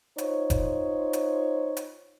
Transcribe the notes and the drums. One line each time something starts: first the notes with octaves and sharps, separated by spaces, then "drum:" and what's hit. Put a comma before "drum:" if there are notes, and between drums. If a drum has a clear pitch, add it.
D#4 F4 C5 C#5, drum: hi-hat
drum: kick F1, hi-hat
drum: hi-hat
drum: hi-hat